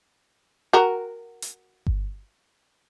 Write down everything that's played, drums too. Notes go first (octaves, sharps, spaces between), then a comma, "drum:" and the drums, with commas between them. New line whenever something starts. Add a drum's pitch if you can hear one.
F#4 A#4
drum: hi-hat
drum: kick G1